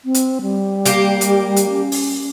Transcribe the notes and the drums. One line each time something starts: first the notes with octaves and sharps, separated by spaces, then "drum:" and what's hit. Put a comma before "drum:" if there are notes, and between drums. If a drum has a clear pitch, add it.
C4
drum: hi-hat
G3
A#3 G4, drum: hi-hat
drum: hi-hat
drum: hi-hat
C#4
drum: open hi-hat